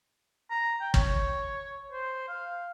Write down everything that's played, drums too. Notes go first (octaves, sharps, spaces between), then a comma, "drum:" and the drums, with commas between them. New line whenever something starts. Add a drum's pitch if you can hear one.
A#5
G5
C#5, drum: kick
C5
F5